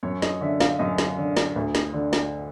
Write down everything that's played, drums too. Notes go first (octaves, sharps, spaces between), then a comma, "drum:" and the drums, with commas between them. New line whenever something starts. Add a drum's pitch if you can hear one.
F#2 C#5
D#5, drum: snare
D3 E5
F5, drum: snare
F#2 D#5
drum: snare
D3
drum: snare
D2
drum: snare
D3
drum: snare